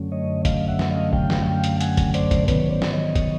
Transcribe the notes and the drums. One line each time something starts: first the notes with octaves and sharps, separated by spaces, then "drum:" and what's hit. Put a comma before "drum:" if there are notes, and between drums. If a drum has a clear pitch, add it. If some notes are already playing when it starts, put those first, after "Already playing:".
Already playing: F#2 D3 F#3 A3 C#4
C#5 D#5
D#5 F5, drum: kick, hi-hat
E5 F#5
drum: snare
D#5 F5
F5 G5, drum: kick
drum: snare
F5 G5
drum: hi-hat
F#5 G#5, drum: hi-hat
drum: kick, hi-hat
C5 D5, drum: hi-hat
drum: kick, hi-hat
G#2 D#3 F#3 B3 B4 C#5, drum: kick, hi-hat
C5 D5
drum: snare
C#5 D#5
drum: kick, hi-hat